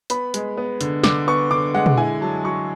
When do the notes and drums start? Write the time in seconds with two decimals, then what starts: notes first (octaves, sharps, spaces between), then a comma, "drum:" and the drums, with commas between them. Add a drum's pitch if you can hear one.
0.10 B3 B5, drum: hi-hat
0.34 G#3, drum: hi-hat
0.57 B3
0.81 D3, drum: hi-hat
1.04 D3 D6, drum: snare
1.27 B3 C#6
1.51 D3 D6
1.74 G#3 F#5
1.86 drum: tom
1.97 E4 G#5
2.21 F#3 A5
2.44 F#3 C#6